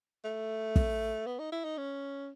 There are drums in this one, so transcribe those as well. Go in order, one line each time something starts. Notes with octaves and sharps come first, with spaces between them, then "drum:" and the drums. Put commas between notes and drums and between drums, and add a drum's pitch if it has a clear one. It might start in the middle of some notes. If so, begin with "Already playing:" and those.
A3
drum: kick
B3
D#4
E4
D#4
C#4